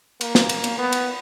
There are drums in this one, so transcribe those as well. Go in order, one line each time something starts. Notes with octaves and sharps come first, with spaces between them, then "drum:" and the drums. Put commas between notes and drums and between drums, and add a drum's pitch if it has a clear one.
A#3, drum: cymbal
drum: snare
drum: cymbal
drum: cymbal
B3
drum: cymbal